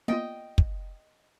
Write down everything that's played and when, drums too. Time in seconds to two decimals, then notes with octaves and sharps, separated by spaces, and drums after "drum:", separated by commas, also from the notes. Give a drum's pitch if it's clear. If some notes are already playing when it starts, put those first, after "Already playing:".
0.08 A#3 B3 F4 D#5 G5
0.58 drum: kick